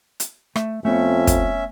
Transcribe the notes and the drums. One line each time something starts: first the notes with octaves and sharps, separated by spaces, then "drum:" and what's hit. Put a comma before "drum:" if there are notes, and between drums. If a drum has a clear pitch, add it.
drum: hi-hat
A3 E5, drum: rim click
F2 A3 B3 C#4 E5
drum: kick, hi-hat